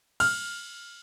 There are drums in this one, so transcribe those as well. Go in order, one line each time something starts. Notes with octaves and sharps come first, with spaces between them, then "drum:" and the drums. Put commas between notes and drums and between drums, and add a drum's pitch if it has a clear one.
F6, drum: cymbal